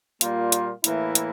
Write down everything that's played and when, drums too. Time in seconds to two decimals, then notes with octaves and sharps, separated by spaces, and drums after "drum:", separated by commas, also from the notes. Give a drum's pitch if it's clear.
0.21 A#2 G3 A#3 F4, drum: hi-hat
0.52 drum: hi-hat
0.84 A2 E3 A#3 E4, drum: hi-hat
1.15 drum: hi-hat